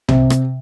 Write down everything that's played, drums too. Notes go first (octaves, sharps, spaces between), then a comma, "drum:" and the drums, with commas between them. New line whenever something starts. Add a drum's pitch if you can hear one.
C3, drum: tom C2
drum: rim click